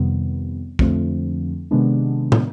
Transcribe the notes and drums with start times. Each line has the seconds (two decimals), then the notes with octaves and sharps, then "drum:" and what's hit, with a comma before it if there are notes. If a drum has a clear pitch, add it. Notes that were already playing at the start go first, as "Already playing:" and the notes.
Already playing: F2 C3 D#3 G3 B3
0.79 F2 D3 F3 A3 C4, drum: kick
1.71 C3 D#3 G#3 B3 D4
2.32 drum: tom